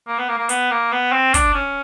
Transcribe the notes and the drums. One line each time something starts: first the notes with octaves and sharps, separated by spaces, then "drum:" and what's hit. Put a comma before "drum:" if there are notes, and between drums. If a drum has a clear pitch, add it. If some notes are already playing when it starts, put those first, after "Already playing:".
A#3
B3
A#3
A#3
B3, drum: hi-hat
A#3
B3
C4
D4, drum: kick, hi-hat
C#4